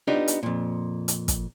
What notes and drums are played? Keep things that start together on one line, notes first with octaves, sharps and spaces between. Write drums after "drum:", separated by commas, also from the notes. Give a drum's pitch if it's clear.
B3 D4 D#4 F4 G4
drum: hi-hat
F2 A#2
drum: hi-hat
drum: kick, hi-hat